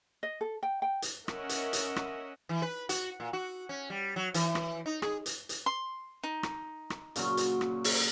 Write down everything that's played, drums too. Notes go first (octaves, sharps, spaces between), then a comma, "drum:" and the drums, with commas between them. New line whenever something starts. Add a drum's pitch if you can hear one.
D#5
A4
G5
G5
drum: hi-hat
C#4 A#4 D#5 E5 F#5, drum: rim click
drum: hi-hat
drum: hi-hat
drum: rim click
E3
B4
F#4, drum: hi-hat
A#2
F#4
C#4
G3
F#3
E3, drum: hi-hat
drum: rim click
D#4
G#4, drum: rim click
drum: hi-hat
drum: hi-hat
C6
D#4
drum: rim click
drum: rim click
A#2 C#3 F#3, drum: hi-hat
drum: hi-hat
drum: rim click
drum: open hi-hat